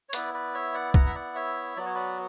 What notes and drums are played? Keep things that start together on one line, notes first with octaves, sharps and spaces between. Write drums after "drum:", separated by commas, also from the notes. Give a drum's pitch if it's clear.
C#5
B3 E4 B4 D5, drum: hi-hat
B4 D5
C#5 E5
D5 F#5
F#5 A#5, drum: kick
E5
D5 F#5
C#5 E5
F#3 B3 F#4 D5
C#5
B4 D5